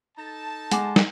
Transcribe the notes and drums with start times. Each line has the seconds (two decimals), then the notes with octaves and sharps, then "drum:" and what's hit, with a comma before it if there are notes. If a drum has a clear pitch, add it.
0.18 D#4 A4 A5
0.71 G#3 F#5 G#5 D6, drum: hi-hat
0.96 drum: snare